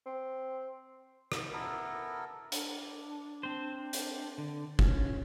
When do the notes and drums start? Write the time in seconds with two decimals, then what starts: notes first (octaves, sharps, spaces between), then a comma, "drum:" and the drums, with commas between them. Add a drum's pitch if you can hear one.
0.06 C4
1.32 drum: rim click
1.53 B3 E4 A4 A#4
2.52 D4, drum: hi-hat
3.43 C4 C5
3.93 drum: hi-hat
4.38 D3
4.79 C#4, drum: kick F#1